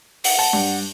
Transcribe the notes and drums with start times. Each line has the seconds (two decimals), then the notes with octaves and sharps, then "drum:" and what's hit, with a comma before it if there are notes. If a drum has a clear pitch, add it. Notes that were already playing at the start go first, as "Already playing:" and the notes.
0.24 F#5, drum: open hi-hat
0.39 A5
0.53 G2